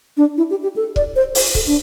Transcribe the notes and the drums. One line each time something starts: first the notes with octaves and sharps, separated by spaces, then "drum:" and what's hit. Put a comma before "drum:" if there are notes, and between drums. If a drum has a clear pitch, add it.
D4
E4
G4
G4
A4
D5, drum: kick
C5
C5, drum: open hi-hat
A4, drum: kick
D4